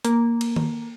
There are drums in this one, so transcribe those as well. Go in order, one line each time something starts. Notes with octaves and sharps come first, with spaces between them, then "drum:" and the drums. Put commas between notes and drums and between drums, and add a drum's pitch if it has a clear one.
A#3, drum: hi-hat
drum: cymbal
drum: tom D#3